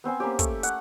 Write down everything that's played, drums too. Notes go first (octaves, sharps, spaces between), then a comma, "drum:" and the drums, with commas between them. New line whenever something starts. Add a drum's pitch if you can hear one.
B3 C4 C5 G#5
A#3 C#4 G4
A3, drum: kick, hi-hat
F#5, drum: hi-hat